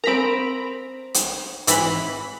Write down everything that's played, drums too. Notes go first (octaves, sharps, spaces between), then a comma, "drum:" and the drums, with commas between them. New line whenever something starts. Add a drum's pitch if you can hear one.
C4 A#4 A#5 B5 D7
drum: hi-hat
G#1 E3 B5, drum: hi-hat